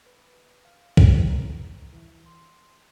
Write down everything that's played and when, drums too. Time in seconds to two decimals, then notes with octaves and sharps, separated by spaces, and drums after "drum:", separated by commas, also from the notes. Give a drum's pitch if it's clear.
0.06 B4
0.65 F5
0.97 drum: kick
1.30 A#5
1.64 E2
1.93 E3
2.26 C6